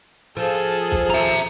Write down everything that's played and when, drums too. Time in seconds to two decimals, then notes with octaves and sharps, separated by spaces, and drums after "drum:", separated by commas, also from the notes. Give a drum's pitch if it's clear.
0.37 F3 G#4 A4
0.55 drum: hi-hat
0.92 drum: kick, hi-hat
1.10 E5 A#5, drum: hi-hat
1.28 drum: hi-hat